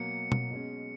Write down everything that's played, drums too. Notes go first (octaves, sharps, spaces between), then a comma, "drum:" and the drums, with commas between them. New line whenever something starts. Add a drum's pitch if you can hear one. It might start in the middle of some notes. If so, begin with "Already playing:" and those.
Already playing: B2 F#3 A#3 C#7
drum: tom B2
B2 G#3 C#4